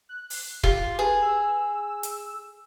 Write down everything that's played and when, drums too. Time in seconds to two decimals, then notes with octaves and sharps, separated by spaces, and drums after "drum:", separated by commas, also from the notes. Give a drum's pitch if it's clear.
0.09 F#6
0.30 drum: open hi-hat
0.63 F4 G4, drum: kick
0.99 G#4 B4
1.22 E6
2.03 drum: hi-hat